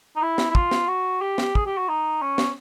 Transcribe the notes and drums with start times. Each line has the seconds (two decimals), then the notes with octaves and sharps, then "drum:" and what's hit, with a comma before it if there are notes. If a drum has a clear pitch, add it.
0.16 D#4
0.22 E4
0.38 drum: snare
0.50 E4
0.55 F4, drum: kick
0.71 drum: snare
0.88 F#4
1.21 G4
1.38 drum: snare
1.55 G#4, drum: kick
1.66 G4
1.77 F#4
1.88 D#4
2.22 C#4
2.38 drum: snare